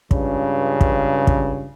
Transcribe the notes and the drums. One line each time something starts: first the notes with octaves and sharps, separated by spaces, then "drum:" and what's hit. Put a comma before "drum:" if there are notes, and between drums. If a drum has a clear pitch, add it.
C#2 G2 C#3, drum: kick
drum: kick
drum: kick